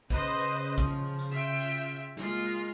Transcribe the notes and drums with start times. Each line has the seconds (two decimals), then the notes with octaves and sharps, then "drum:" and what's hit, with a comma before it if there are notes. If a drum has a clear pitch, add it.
0.10 C#3 B4 C5 D#5, drum: kick
0.40 drum: hi-hat
0.78 F3, drum: kick
1.19 drum: tambourine
1.29 F4 E5 G5
2.17 G#3 A#3 F4, drum: snare